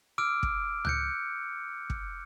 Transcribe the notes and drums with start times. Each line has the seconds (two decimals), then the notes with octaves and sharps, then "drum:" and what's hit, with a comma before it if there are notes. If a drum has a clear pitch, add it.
0.18 D6 E6 F6 D7
0.43 drum: kick
0.85 F#6 G6 C#7, drum: tom C#2
1.90 drum: kick